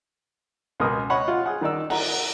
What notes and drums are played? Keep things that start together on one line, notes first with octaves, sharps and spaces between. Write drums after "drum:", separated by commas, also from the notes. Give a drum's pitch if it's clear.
C#2 B2 A#4 D#6
C#5 D#5 F#5 B5 C#6
F4
G#4 F#5
D#3 D#4 D5 E6
F#5 A#5, drum: cymbal